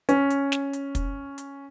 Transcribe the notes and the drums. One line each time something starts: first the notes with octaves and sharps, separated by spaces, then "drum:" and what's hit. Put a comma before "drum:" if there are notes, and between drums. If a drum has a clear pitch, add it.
C#4, drum: hi-hat
drum: hi-hat
drum: snare
drum: hi-hat
drum: kick, hi-hat
drum: hi-hat